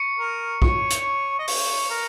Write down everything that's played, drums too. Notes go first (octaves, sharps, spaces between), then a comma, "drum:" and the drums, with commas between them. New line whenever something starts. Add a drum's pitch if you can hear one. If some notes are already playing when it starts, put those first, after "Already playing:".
Already playing: C#6 C#7
A#4
C#5, drum: kick
drum: hi-hat
D#5
C#5, drum: open hi-hat
A#4